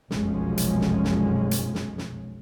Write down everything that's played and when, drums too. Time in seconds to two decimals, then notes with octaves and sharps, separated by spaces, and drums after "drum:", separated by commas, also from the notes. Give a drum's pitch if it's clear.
0.11 F1 B1 F#2 F3 G#3 C#4, drum: snare
0.57 drum: hi-hat
0.81 drum: snare
1.04 drum: snare
1.51 drum: hi-hat
1.75 drum: snare
1.98 drum: snare